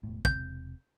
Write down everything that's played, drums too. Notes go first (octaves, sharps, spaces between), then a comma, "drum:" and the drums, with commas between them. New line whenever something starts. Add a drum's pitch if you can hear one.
E1 A2
E1 C3 G6, drum: kick